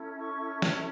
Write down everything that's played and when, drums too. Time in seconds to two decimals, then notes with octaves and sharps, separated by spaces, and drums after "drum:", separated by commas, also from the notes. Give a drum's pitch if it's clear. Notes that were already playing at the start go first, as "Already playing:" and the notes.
Already playing: C#4 E4 A4
0.18 C#6
0.62 drum: snare